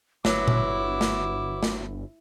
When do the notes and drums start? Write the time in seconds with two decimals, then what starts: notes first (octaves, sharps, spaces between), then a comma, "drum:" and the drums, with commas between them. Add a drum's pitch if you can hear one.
0.25 G1 F#3 B3 E4 D6, drum: snare
0.48 drum: tom A#2
1.01 drum: snare
1.63 drum: snare